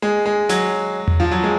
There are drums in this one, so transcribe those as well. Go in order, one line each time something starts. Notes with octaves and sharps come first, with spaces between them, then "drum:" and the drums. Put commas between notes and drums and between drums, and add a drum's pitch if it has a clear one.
G#3
G#3
F#3, drum: snare
drum: tom E2
F3
F#3
G#3